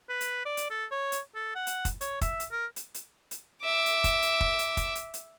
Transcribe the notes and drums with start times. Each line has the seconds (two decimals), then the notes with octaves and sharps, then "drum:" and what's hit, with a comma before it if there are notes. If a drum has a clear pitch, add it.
0.09 B4
0.21 drum: hi-hat
0.45 D5
0.57 drum: hi-hat
0.70 A4
0.91 C#5
1.12 drum: hi-hat
1.35 A4
1.55 F#5
1.67 drum: hi-hat
1.85 drum: kick, hi-hat
2.01 C#5, drum: hi-hat
2.21 E5, drum: kick, hi-hat
2.40 drum: hi-hat
2.52 A#4
2.76 drum: hi-hat
2.94 drum: hi-hat
3.31 drum: hi-hat
3.63 E5 D6
3.86 drum: hi-hat
4.04 drum: kick, hi-hat
4.22 drum: hi-hat
4.41 drum: kick
4.59 drum: hi-hat
4.77 drum: kick, hi-hat
4.95 drum: hi-hat
5.14 drum: hi-hat